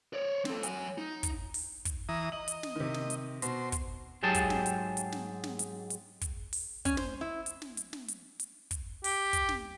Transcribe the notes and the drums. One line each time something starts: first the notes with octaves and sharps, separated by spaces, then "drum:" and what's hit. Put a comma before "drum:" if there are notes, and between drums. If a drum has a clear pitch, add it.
C#5 D5
C4 A4, drum: snare
F#3 G#5, drum: hi-hat
D#4
drum: kick, hi-hat
drum: open hi-hat
drum: kick, hi-hat
E3 A#5 D#6
D#5 F#7
drum: hi-hat
drum: snare
C3 D#3
drum: snare
drum: hi-hat
B2 C5, drum: hi-hat
drum: kick, hi-hat
G#2 F#3 G4 G#4 A5
drum: kick, hi-hat
drum: snare
drum: hi-hat
drum: hi-hat
drum: snare
drum: snare
drum: hi-hat
drum: hi-hat
drum: kick, hi-hat
drum: open hi-hat
C#4, drum: kick, hi-hat
C5, drum: snare
E4
drum: hi-hat
drum: snare
drum: hi-hat
drum: snare
drum: hi-hat
drum: hi-hat
drum: kick, hi-hat
G4, drum: open hi-hat
drum: kick, hi-hat
drum: snare